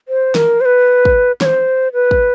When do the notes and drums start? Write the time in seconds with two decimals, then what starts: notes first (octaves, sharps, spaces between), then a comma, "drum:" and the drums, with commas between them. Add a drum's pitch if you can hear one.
0.08 C5
0.35 A#4, drum: snare
0.61 C5
0.65 B4
1.05 drum: kick
1.41 C#5, drum: snare
1.45 C5
1.94 B4
2.11 drum: kick